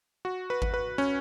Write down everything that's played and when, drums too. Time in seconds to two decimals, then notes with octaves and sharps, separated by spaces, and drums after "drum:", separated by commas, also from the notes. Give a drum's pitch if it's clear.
0.25 F#4
0.50 B4
0.62 drum: kick G#1
0.74 B4
0.98 C#4